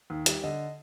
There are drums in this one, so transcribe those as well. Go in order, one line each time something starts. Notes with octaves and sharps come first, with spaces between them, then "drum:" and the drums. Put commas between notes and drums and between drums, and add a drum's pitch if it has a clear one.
D#2
G3, drum: hi-hat
D3 D#5